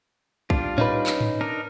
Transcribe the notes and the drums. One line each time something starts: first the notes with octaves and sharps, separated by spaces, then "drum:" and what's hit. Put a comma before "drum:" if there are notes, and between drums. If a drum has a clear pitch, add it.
G3 D4 F4, drum: kick
C#4 D#4 B4, drum: tom G#2
drum: clap
drum: tom G#2
D4 D#4 A#4